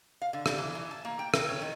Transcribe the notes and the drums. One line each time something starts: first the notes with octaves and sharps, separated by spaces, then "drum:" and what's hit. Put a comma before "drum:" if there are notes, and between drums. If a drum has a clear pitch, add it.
F5
D3
G3, drum: rim click
E3
E3
A5
A#3
G5
C4, drum: rim click
C#5
D#3